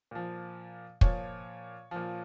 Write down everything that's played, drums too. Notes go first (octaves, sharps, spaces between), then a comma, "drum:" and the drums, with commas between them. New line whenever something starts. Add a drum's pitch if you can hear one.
A#2 F3
A#2 F3 C#5, drum: kick
A#2 F3